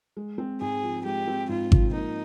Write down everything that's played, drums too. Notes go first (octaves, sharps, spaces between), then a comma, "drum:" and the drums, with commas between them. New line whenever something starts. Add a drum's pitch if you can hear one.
G#3
C4
G#2 G#4
F3
G#3 G4
C4
G#2 F4
F3, drum: kick G#1
A#3 D#4